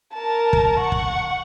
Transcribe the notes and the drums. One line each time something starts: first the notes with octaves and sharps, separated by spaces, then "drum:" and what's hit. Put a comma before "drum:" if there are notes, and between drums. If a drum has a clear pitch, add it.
A#4 A5
drum: kick
F#5 C#6
drum: kick